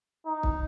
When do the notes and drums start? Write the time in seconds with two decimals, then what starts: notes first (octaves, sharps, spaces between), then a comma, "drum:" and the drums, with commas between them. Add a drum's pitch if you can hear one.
0.26 D#4
0.43 drum: kick